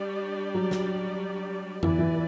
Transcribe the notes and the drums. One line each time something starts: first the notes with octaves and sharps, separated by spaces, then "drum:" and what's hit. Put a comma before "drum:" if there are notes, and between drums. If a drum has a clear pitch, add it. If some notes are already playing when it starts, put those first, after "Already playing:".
Already playing: G3 D4 G4 D5
F#3
drum: snare
E3 B3 E4 B4 D5, drum: tom F2
E3